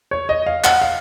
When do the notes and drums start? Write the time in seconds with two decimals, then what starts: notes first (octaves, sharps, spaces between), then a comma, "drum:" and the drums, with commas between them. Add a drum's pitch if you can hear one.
0.11 C#5
0.29 D#5
0.47 F5
0.64 F#5, drum: clap
0.81 F5